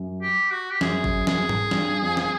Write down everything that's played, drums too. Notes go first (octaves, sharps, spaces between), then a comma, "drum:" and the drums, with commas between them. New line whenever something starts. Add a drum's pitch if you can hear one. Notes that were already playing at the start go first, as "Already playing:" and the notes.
Already playing: F#2
G4
F#4
G4
F#2 G#4, drum: snare
drum: kick G1
G#4, drum: snare
drum: tom G#2
G2, drum: snare
F2
drum: snare